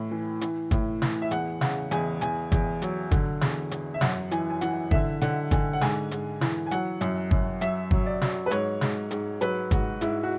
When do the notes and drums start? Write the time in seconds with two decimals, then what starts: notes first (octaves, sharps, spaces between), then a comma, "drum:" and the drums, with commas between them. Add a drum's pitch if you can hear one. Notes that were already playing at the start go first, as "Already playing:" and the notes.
Already playing: A2 E3
0.11 E3
0.41 E3, drum: hi-hat
0.71 A2, drum: kick, hi-hat
1.02 E3, drum: snare
1.22 E5
1.31 E2 F#5, drum: hi-hat
1.61 C#3 F#5, drum: snare
1.91 E2 G#5, drum: hi-hat
2.21 E2 G#5, drum: hi-hat
2.52 E2, drum: kick, hi-hat
2.82 F#3, drum: hi-hat
3.11 D3, drum: kick, hi-hat
3.41 E2, drum: snare
3.71 E2, drum: hi-hat
3.94 E5
4.01 F#2 F#5, drum: snare
4.31 E3 G#5, drum: hi-hat
4.50 G#5
4.61 E3 F#5, drum: hi-hat
4.91 D3 E5, drum: kick
5.22 D3 F#5, drum: hi-hat
5.51 D3 G#5, drum: kick, hi-hat
5.73 F#5
5.81 G#2 G#5, drum: snare
6.11 G#2, drum: hi-hat
6.41 E3, drum: snare
6.66 G#5
6.71 F#3 F#5, drum: hi-hat
7.01 F#2, drum: hi-hat
7.31 F#2, drum: kick
7.61 F#3 E5, drum: hi-hat
7.91 F#3, drum: kick
8.06 D5
8.21 F#3, drum: snare
8.46 B4
8.51 G#2 C#5, drum: hi-hat
8.81 G#2, drum: snare
9.11 G#2, drum: hi-hat
9.41 F#3 B4, drum: hi-hat
9.71 G#2 F#4, drum: kick, hi-hat
10.01 G#2 E4, drum: hi-hat
10.23 F#4